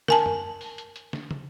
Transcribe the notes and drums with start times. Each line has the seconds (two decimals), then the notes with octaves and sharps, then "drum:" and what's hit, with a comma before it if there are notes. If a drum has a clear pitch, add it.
0.08 A#4 G#5 A5, drum: snare
0.26 drum: tom F#2
0.61 drum: open hi-hat
0.78 drum: hi-hat
0.96 drum: hi-hat
1.13 drum: snare
1.31 drum: tom